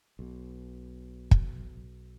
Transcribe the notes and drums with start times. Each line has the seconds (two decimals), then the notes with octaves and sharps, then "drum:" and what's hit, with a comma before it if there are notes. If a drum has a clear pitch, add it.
0.19 B1 B2
1.31 drum: kick